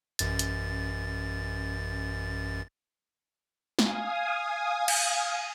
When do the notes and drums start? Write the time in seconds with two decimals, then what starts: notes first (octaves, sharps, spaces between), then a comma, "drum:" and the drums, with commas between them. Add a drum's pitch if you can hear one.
0.19 A1 F#2 A6, drum: hi-hat
0.39 drum: hi-hat
3.79 F5 G#5 D#6, drum: snare
4.88 drum: cymbal